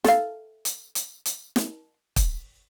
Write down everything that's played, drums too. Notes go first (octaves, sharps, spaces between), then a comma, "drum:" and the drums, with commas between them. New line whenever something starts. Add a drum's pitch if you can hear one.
A4 F5, drum: snare
drum: hi-hat
drum: hi-hat
drum: hi-hat
drum: snare
drum: kick, hi-hat